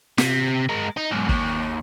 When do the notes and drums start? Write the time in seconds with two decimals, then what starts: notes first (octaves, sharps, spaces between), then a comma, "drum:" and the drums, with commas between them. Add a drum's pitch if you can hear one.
0.18 C3, drum: snare
0.69 G#3 A#4
0.97 D#4
1.12 B1 G#2
1.29 D#2, drum: kick